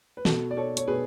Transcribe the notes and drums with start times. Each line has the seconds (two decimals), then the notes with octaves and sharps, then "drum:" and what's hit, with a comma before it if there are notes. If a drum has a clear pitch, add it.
0.17 B4
0.25 B2 F#4 A4, drum: snare
0.51 D5
0.57 A4 C#5
0.77 C#5, drum: hi-hat
0.87 B2 G#4 B4